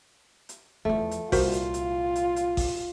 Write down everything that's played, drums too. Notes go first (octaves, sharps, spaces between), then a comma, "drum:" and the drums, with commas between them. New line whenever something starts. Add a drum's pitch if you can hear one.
drum: hi-hat
E2 F3 A3
drum: hi-hat
C2 A#2 F4 F#4 A#4 C5, drum: kick A1, open hi-hat
drum: hi-hat
drum: hi-hat
drum: hi-hat
drum: hi-hat
drum: kick A1, open hi-hat